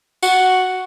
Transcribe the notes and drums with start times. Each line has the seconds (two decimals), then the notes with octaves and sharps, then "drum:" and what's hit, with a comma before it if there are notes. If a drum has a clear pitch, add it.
0.23 F#4, drum: tambourine